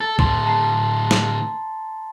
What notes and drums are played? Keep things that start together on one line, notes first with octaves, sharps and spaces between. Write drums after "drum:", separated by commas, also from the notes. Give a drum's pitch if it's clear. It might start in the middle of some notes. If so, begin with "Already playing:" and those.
A4 A6
A2 D3 A5 C6 F#7, drum: kick
A5 A#5 C7
drum: snare